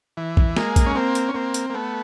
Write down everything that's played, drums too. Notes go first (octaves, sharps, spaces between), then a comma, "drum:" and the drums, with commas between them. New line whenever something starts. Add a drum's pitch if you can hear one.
E3
drum: kick
G#3 A#3, drum: snare
drum: kick, hi-hat
C#4
A#3 C4
drum: hi-hat
C#4
A#3 C4
drum: hi-hat
A#3
A3 B3